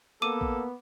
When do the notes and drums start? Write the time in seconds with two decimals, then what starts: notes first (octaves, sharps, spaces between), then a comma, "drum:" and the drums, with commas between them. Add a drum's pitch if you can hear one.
0.22 A#3 B3 A4 D6 D#7
0.41 drum: kick A1